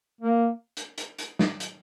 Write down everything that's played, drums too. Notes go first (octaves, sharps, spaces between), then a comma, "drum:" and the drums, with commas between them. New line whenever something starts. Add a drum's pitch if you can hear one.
A#3
drum: hi-hat
drum: hi-hat
drum: hi-hat
drum: snare
drum: hi-hat